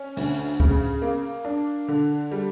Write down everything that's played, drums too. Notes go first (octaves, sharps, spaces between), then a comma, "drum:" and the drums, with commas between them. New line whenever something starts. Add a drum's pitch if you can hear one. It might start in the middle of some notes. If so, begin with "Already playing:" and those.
Already playing: C#4
D2, drum: open hi-hat
C#3, drum: kick C#2
A#3
D4
D3
G3